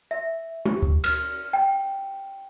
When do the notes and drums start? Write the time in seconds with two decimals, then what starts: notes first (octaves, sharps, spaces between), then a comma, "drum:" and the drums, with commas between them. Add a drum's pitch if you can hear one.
0.11 E5
0.65 G4, drum: tom G#3
0.82 drum: kick D2
1.04 F6, drum: cymbal
1.53 G5